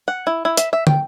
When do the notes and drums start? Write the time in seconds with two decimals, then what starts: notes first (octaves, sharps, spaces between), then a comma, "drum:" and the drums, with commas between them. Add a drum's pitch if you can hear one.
0.08 F#5
0.27 E4
0.45 E4
0.57 E5, drum: hi-hat
0.73 E5
0.87 G5, drum: tom